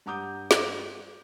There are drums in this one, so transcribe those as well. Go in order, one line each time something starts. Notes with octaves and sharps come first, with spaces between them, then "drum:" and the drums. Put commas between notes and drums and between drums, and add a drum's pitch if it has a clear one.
G2 F#5 A#5 D6 D#6 G6
drum: snare